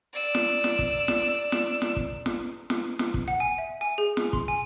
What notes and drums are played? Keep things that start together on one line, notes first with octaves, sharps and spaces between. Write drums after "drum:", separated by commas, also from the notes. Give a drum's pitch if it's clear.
D5 E6
drum: snare
drum: snare
drum: kick
drum: snare
drum: snare
drum: snare
drum: kick
drum: snare
drum: snare
drum: snare
drum: kick
F#5
G#5
E5
G#5
G#4
drum: snare
C6, drum: kick
G#5